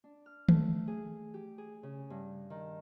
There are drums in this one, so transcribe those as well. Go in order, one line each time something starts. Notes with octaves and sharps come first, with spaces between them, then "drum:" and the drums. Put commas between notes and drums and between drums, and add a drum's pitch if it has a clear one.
D4
F6
A3, drum: tom D#3
G#4
G4
G#4
C#3
G2
D#3